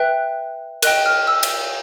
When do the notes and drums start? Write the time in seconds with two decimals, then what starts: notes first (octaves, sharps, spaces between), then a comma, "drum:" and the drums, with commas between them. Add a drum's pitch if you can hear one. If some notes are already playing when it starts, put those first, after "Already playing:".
Already playing: B4 E5 G5 F#6
0.82 A#4 D#5 G5 F#6, drum: cymbal
1.06 F6
1.27 E6
1.43 drum: cymbal